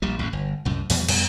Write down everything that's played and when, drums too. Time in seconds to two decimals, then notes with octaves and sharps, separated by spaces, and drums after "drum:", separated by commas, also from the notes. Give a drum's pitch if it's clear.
0.02 A#1 A#2 G3
0.19 A1 E2
0.33 G1
0.65 C2 F#2 A2
0.90 E2 B2 F3 G3, drum: open hi-hat
1.09 F2 G3 B3, drum: cymbal